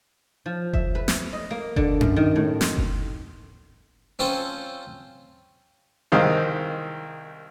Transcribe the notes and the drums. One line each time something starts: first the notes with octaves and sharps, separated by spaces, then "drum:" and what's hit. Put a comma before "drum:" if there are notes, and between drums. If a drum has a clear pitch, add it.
F3
E5, drum: kick F#1
B4
drum: snare
D#5
A#3
D3, drum: kick F#1
F#2, drum: tom G2
D#3
A2
C6, drum: snare
drum: kick F#1
C4 C#4 F4 A4 C5
C2 D#3 G#3 C4 D#4 F5